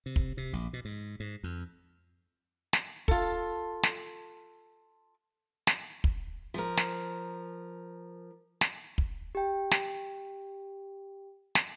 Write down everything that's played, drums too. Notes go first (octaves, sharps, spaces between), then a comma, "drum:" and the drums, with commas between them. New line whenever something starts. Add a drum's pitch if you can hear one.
C3
drum: kick
C3
A#1
B2
G#2
G#2
F2
drum: snare
F4 A4, drum: kick
drum: snare
drum: snare
drum: kick
F3 A#4
drum: snare
drum: snare
drum: kick
G4 G5
drum: snare
drum: snare